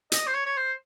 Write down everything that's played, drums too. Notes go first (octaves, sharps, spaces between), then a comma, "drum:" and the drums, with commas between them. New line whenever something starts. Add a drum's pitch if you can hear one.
D#5, drum: hi-hat
C5
C#5
C#5
C5